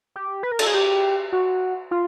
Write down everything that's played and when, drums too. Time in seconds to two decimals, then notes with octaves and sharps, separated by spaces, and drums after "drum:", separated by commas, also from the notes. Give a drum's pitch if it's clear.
0.16 G4
0.43 B4
0.52 A#4
0.59 A4, drum: cymbal
0.67 G#4
0.74 G4
1.32 F#4
1.91 F4